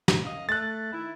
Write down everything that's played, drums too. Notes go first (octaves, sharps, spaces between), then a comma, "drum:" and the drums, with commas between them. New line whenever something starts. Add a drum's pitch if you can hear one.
drum: snare
F#2 D#5 F5
A3 F#6 A6
D#3 E4